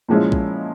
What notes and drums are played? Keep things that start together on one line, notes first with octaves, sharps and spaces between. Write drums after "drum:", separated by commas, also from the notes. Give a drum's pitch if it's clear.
A#2 F3 G#3 C#4 E4
drum: kick